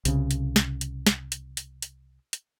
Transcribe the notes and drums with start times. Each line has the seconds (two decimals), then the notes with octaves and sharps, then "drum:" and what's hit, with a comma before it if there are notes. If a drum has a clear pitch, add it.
0.05 C2 C#3, drum: hi-hat
0.31 drum: hi-hat
0.56 drum: snare
0.81 drum: hi-hat
1.07 drum: snare
1.32 drum: hi-hat
1.57 drum: hi-hat
1.82 drum: hi-hat
2.33 drum: hi-hat